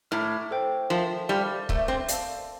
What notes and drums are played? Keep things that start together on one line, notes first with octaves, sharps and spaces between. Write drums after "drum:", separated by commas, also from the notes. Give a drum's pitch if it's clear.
A2 E5 A#5 D6 F6
A4 C5 G5
F3 A#4 E5 A5 C6
G3 C5 F5 A5 D6 F6
A3 A#4 E5 A#5 D6 G6, drum: kick C#1
C4
D5 F5 A5 E6, drum: hi-hat